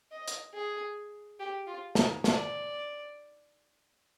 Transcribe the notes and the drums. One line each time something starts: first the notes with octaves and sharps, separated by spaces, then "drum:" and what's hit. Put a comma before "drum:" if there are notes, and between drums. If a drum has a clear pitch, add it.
D#5
drum: hi-hat
G#4
G4
F4
D#4, drum: snare
D5, drum: snare